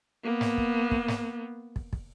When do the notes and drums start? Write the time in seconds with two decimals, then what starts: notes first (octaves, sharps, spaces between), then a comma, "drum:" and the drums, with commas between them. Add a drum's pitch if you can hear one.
0.24 A#3 B3
0.41 drum: snare
0.58 drum: kick
0.91 drum: kick
1.08 drum: snare
1.76 drum: kick
1.93 drum: kick